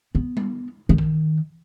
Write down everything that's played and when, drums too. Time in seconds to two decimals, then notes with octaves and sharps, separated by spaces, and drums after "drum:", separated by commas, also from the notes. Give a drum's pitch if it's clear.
0.15 B3
0.37 drum: tom G3
0.89 D#3
0.98 drum: kick